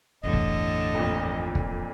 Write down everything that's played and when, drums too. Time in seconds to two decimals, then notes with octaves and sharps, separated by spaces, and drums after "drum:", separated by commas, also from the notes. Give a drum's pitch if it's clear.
0.23 G1 E2 A2 D3 G3 D#5
0.33 drum: kick
0.94 F2 A#2
1.55 drum: kick